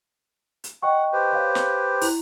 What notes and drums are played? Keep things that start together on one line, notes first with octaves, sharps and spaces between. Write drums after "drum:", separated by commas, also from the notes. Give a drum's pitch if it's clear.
drum: hi-hat
D#5 F#5 G5 C#6
G4 B4 C5
C#5 F5
drum: snare
E4, drum: open hi-hat